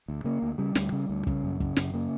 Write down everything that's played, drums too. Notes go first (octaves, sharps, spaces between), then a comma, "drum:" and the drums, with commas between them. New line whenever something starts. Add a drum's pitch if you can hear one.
D2
C#3 A#3
D2
C#3 G3
D2, drum: snare
C#3
D2
C#3, drum: kick
F#2
C#3, drum: kick
F#2, drum: snare
C#3 A#3